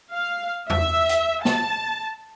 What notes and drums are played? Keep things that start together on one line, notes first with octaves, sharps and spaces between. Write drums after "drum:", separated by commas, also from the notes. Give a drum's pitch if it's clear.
F5
E5, drum: tom E2
drum: hi-hat
A5, drum: snare